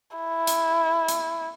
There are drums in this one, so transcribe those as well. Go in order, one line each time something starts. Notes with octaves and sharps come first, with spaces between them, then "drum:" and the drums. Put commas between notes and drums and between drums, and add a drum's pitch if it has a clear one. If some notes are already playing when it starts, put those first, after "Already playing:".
E4
drum: hi-hat
drum: hi-hat